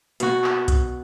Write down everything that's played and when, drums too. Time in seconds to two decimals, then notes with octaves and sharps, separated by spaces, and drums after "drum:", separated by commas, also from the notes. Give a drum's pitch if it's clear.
0.20 B2 F#4, drum: hi-hat
0.44 drum: clap
0.68 drum: kick B1, hi-hat